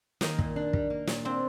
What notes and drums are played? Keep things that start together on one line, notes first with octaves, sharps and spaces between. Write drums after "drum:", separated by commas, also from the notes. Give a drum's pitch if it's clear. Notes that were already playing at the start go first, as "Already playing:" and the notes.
D#3 A#3, drum: snare
A#2, drum: kick
D4
G3, drum: kick
A#3
A#2, drum: snare
C4 D4